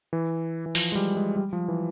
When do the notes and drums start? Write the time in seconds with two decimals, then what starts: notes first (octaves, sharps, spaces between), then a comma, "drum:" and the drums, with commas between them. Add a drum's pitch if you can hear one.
0.13 E3
0.66 E3
0.75 F3, drum: open hi-hat
0.92 G#3
0.95 G3
1.16 G#3
1.37 G3
1.53 F3
1.68 E3